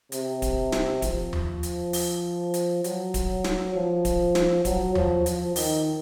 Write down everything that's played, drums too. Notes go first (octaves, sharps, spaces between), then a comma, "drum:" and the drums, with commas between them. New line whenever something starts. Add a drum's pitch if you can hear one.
C3, drum: hi-hat
drum: kick D1, hi-hat
drum: snare
F3, drum: kick D1, hi-hat
drum: tom D#2
drum: hi-hat
drum: open hi-hat
drum: hi-hat
F#3, drum: hi-hat
drum: kick D1, hi-hat
drum: snare
F3
drum: kick D1, hi-hat
drum: snare
F#3, drum: kick D1, hi-hat
F3, drum: tom D#2
F3, drum: hi-hat
D#3, drum: open hi-hat